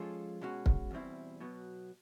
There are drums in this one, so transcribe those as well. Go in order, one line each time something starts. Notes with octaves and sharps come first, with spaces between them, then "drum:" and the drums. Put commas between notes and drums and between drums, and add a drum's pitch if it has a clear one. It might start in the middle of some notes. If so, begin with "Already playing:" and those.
Already playing: F3 G#3 C#4 F4 A4
B2 G#3 C#4 F#4
drum: kick
E2 B2 G3 C4 E4
B2 F#3 B3